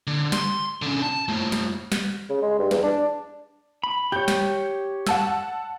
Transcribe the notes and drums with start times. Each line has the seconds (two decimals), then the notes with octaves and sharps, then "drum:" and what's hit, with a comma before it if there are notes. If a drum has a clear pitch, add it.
0.07 D3
0.32 C6, drum: snare
0.82 D3 C#4
1.02 A5
1.28 A3 F4
1.52 drum: snare
1.92 drum: snare
2.30 C#3
2.42 G#3
2.59 G2
2.71 E2, drum: snare
2.83 D4
3.84 B5
4.12 G4 C#5 G6
4.28 drum: snare
5.07 F#5 A5 E6, drum: snare